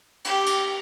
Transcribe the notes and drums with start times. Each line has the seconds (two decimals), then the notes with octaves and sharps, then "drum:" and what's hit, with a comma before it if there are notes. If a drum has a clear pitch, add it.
0.24 G4, drum: cymbal
0.46 drum: cymbal